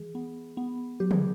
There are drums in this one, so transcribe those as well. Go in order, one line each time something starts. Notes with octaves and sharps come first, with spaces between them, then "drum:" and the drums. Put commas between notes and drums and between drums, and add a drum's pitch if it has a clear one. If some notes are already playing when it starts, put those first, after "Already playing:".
Already playing: E3 G#3 G#4
B3
B3
F#3 G4
G#4, drum: tom